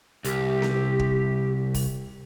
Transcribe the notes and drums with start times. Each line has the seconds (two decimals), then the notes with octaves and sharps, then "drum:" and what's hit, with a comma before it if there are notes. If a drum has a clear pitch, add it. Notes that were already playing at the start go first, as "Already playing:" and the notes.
0.24 C2 G4, drum: hi-hat
0.62 drum: snare B3
0.99 drum: kick
1.74 drum: kick, open hi-hat